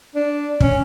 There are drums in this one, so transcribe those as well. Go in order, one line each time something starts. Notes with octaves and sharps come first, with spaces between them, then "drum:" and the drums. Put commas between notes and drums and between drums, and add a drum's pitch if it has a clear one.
D4
C#4, drum: kick